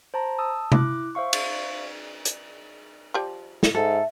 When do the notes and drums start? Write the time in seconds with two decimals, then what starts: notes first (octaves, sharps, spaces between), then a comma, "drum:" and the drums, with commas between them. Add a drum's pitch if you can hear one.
0.14 C5 A5 A#5
0.38 A5 D#6 E6
0.72 E4 D6 F#6, drum: tom C3
1.15 C5 E5 F5 C#6
1.33 drum: cymbal
2.25 drum: hi-hat
3.14 F3 G4 D5
3.63 drum: snare
3.75 G#2 A4 E5